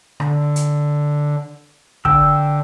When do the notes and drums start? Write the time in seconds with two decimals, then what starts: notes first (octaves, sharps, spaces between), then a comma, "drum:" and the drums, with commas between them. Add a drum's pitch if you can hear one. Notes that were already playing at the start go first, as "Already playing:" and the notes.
0.20 D3, drum: rim click
0.56 drum: hi-hat
2.05 D3 G5 E6, drum: kick